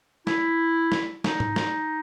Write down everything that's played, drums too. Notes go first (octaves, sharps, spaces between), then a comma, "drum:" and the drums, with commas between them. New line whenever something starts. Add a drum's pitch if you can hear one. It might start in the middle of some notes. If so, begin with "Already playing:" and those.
E4, drum: snare
drum: snare
D#4, drum: snare
drum: tom G#2
drum: snare